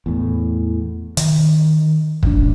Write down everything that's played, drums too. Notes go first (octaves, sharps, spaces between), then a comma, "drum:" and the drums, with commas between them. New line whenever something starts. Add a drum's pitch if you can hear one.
E2 A2
D#3, drum: hi-hat
D1 A1 D4, drum: kick